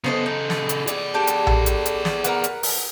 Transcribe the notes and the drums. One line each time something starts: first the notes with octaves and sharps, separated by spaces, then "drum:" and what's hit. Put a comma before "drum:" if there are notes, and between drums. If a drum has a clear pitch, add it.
C#3 B3 A4 C5 D#5
D#4
drum: snare
drum: hi-hat
G#4 D5, drum: hi-hat
D4 G4 A4
drum: hi-hat
drum: tom A#1
drum: hi-hat
drum: hi-hat
drum: snare
A#4 B4 F#5, drum: hi-hat
drum: hi-hat
drum: open hi-hat